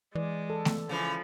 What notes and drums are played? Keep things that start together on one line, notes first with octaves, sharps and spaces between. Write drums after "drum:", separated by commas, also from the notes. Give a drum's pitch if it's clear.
E3 G#3 D5
A4
drum: snare A3
C#3 E3 F3